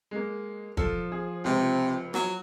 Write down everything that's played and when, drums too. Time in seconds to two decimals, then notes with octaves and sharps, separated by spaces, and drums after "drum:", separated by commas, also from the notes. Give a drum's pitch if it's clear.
0.11 G#3 A#3
0.77 F3 A4, drum: kick
1.12 G#4
1.44 C#2 C3
2.14 F#3, drum: rim click